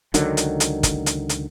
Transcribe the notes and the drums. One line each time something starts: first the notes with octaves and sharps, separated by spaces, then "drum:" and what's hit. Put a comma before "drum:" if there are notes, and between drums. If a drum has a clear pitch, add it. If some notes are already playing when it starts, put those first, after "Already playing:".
C#2 D3 D#3 F#3, drum: hi-hat
drum: hi-hat
drum: hi-hat
drum: kick, hi-hat
drum: hi-hat
drum: hi-hat